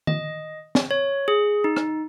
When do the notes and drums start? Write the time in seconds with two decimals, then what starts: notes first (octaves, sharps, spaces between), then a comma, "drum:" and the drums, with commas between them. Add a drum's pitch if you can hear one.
0.07 D#5, drum: tom D#3
0.75 drum: snare
0.91 C#5
1.28 G#4
1.64 D#4
1.76 drum: rim click